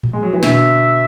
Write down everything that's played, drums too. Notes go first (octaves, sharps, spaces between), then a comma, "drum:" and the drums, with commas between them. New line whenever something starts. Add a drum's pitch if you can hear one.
drum: tom A2
G#3
F#3
E3
B2 D3 E5, drum: snare